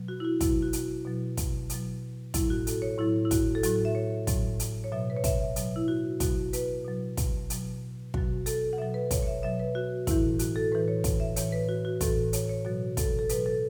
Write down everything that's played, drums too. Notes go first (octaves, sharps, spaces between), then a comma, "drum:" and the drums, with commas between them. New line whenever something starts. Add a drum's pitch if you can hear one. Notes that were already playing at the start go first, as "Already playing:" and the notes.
Already playing: B2 F#3
F#4
E4
F#4
B2 F#3 E4, drum: kick, hi-hat
F#4
drum: hi-hat
B2 F#3
drum: kick, hi-hat
B2 F#3, drum: hi-hat
A2 F#3 E4, drum: kick, hi-hat
F#4
A4, drum: hi-hat
C#5
A2 F#3 E4
E4
F#4, drum: kick, hi-hat
A4
A2 F#3 F#4, drum: hi-hat
E5
C#5
A2 F#3, drum: kick, hi-hat
drum: hi-hat
C#5
B2 F#3 E5
B4
C#5
E5, drum: kick, hi-hat
E5
B2 F#3, drum: hi-hat
E4
F#4
B2 F#3 F#4, drum: kick, hi-hat
B4, drum: hi-hat
B2 F#3
drum: kick, hi-hat
B2 F#3, drum: hi-hat
B2 F#3 F#4, drum: kick
A4, drum: hi-hat
F#5
B2 F#3 E5
B4
C#5, drum: kick, hi-hat
C#5
E5
B2 F#3 E5
B4
F#4
A2 E3 E4, drum: kick, hi-hat
F#4, drum: hi-hat
A4
A2 E3 B4
C#5
drum: kick, hi-hat
E5
A2 E3 C#5, drum: hi-hat
B4
F#4
F#4
A2 E3 A4, drum: kick, hi-hat
C#5, drum: hi-hat
C#5
B2 F#3 F#4
A4, drum: kick, hi-hat
A4
B2 F#3 B4, drum: hi-hat
A4